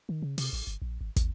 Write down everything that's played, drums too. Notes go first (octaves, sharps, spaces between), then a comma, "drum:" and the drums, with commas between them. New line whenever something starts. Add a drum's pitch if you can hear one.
D#3
C#3
C3, drum: open hi-hat
A1
G1
A#1
G#1
D#2, drum: kick, hi-hat